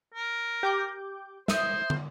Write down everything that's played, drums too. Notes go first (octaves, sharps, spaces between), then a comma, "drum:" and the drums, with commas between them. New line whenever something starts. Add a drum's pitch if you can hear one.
A#4
G4 D6 G6
C5 E5 D#6, drum: snare
drum: tom